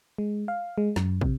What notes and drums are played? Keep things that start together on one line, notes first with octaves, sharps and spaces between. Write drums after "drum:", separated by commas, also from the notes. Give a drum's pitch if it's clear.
G#3
F5
G#3
F#2, drum: snare
C3, drum: kick